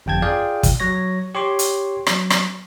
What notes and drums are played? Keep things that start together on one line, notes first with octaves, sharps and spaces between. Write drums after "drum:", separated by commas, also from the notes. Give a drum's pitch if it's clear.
G1 F2 G5 A5 G#6
F4 G#4 D5 F5 G5
drum: kick, hi-hat
F#3 C#5 A#6
G4 C#5 C6 D6
drum: hi-hat
F#3, drum: rim click
drum: rim click